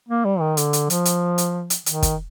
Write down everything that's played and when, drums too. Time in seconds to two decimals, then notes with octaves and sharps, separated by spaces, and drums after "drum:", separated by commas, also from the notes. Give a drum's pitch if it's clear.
0.09 A#3
0.25 G3
0.40 D#3
0.57 D3, drum: hi-hat
0.73 drum: hi-hat
0.90 F3, drum: hi-hat
1.05 drum: hi-hat
1.38 drum: hi-hat
1.70 drum: hi-hat
1.86 D#3, drum: hi-hat
2.02 drum: kick, hi-hat